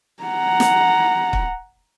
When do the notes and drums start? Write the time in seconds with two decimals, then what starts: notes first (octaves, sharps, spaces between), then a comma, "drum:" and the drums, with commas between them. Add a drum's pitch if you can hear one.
0.23 F#5 A#5
0.60 drum: snare
1.33 drum: kick